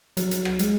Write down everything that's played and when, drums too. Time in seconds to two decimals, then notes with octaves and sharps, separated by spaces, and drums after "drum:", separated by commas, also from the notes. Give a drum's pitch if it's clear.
0.17 F#3, drum: hi-hat
0.31 drum: hi-hat
0.45 drum: rim click
0.59 G#3, drum: hi-hat